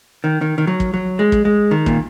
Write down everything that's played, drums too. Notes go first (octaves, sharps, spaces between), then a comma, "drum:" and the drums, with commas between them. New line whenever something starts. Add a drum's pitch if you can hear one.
D#3
D#3
D#3
F#3
drum: kick
F#3
G#3
drum: kick
G#3
D#3
A#2, drum: kick